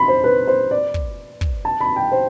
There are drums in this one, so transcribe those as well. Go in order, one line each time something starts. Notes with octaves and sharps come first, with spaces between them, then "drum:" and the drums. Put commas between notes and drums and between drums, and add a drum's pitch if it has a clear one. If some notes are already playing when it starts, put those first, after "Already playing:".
Already playing: B5 C6
C5
B4
C5
D5
drum: kick
drum: kick
A5
B5
G5
C5